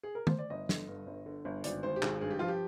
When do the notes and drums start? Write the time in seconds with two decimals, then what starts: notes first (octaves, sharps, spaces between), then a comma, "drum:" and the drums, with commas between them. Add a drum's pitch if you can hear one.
0.03 G#4
0.15 A#4
0.27 C5, drum: tom
0.39 D5
0.50 G1 D#5
0.69 D3, drum: snare
0.88 G2
1.07 G1
1.26 D3
1.45 G1
1.64 G#1 D5, drum: hi-hat
1.83 G#1 C5
1.96 G4
2.02 G#1 G#4, drum: clap
2.21 G2 G#4
2.31 G4
2.39 F3 F4
2.48 G4